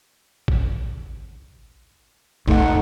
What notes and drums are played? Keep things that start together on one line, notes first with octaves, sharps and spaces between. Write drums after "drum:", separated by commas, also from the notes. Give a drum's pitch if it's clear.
drum: kick G#1
F1 A3 D#4 A4 F#5, drum: kick G#1